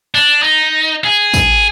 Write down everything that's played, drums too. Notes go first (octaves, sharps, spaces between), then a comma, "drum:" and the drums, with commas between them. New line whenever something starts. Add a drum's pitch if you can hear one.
D4
D#4
G#4
drum: kick, tambourine